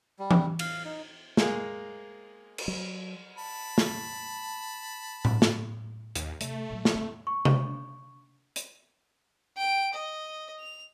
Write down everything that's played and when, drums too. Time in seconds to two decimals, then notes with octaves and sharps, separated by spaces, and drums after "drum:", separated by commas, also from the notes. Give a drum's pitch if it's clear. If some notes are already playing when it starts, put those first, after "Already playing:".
0.19 G3
0.31 drum: tom E3
0.59 F5, drum: cymbal
0.85 D#4
1.37 G#3 A#3 G#4, drum: snare
2.58 drum: cymbal
2.68 F#3
3.38 A5 B5
3.78 drum: snare
5.25 drum: tom A2
5.42 drum: snare
6.15 D#2, drum: hi-hat
6.41 C3 A3, drum: hi-hat
6.70 A#2 F#3
6.85 drum: snare
6.95 C4
7.27 C#6
7.45 drum: tom C3
8.56 drum: hi-hat
9.57 G5 D7
9.93 D#5
10.59 F7